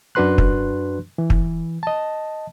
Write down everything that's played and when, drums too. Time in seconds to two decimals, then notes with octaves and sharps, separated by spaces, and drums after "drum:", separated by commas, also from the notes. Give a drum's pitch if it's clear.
0.15 F#2 D4 F#4 B4 C6 F#6
0.38 drum: kick
1.18 E3
1.30 drum: kick
1.83 D#5 A5